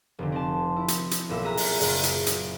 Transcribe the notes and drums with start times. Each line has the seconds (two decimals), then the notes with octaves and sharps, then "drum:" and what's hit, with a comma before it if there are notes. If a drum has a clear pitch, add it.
0.19 F1 D3
0.32 C4 A5
0.76 E4
0.88 drum: hi-hat
1.11 drum: hi-hat
1.29 B1 A#2 E5
1.44 G#4 E5 A#5 F#6
1.57 drum: open hi-hat
1.80 F#1, drum: open hi-hat
2.03 drum: hi-hat
2.26 drum: hi-hat